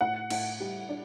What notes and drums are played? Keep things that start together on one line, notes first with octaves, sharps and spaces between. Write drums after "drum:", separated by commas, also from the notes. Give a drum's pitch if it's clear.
A2 F#5
A2, drum: cymbal
G3
D4